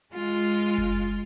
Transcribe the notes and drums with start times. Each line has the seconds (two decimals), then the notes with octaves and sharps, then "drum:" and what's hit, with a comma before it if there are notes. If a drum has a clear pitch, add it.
0.13 G#3 F4
0.78 drum: kick F#1